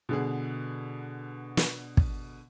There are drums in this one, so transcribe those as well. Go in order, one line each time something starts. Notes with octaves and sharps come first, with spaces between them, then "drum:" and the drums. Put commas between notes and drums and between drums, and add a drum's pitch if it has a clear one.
B2 D3 G#4
drum: snare
drum: kick